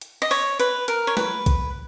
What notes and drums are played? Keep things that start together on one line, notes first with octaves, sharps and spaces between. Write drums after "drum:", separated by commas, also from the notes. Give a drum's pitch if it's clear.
drum: hi-hat
D#5
C#5, drum: open hi-hat
B4, drum: hi-hat
A#4, drum: hi-hat
C#5
B4, drum: snare
drum: kick B1, hi-hat